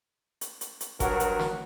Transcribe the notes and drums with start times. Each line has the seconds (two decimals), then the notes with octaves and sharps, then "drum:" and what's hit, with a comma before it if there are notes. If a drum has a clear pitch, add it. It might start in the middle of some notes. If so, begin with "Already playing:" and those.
0.41 drum: hi-hat
0.61 drum: hi-hat
0.81 drum: hi-hat
1.00 G2 F#3 F#4 A#4, drum: kick G1, hi-hat
1.20 drum: hi-hat
1.39 drum: snare